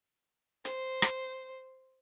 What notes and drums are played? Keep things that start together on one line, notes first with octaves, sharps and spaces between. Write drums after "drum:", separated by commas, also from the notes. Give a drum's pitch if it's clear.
C5, drum: hi-hat
drum: rim click